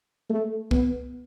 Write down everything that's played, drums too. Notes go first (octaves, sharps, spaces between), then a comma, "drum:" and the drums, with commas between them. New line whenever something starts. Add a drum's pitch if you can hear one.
A3
B3, drum: kick C2